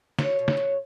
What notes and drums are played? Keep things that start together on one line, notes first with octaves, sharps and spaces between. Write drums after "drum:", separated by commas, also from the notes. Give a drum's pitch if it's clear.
F#3 C#5, drum: snare
B2
drum: snare
F#3